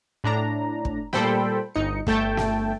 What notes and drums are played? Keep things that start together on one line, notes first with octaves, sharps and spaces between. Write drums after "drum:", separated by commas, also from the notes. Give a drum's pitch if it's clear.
A2 D4 A#5
drum: kick
A#2 G3 A4 C5 G5 B5, drum: snare
G1 D#4 C#7
G1 A3 G5 A5, drum: kick
drum: snare